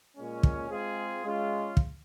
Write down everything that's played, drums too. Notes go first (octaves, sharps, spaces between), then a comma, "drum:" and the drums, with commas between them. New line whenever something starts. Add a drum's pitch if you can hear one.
A#2 G#3 C#4
drum: kick
G#3 C4 F4 G#4
G#3 C#4 F4
drum: kick